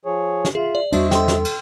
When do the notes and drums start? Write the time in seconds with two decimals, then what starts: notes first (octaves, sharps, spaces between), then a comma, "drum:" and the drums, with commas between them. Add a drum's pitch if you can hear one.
0.05 F3 G#4 C#5
0.45 drum: snare
0.55 F4 G#4 E5
0.75 D5
0.92 E2 G3 D4 F#4 C5 D#5 E5, drum: cymbal
1.11 A4 G5 C6, drum: snare
1.28 drum: snare
1.45 drum: cymbal